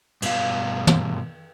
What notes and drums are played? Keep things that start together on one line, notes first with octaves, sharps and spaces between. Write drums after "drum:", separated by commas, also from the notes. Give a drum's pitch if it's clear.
G2 B2 F5, drum: cymbal
drum: tom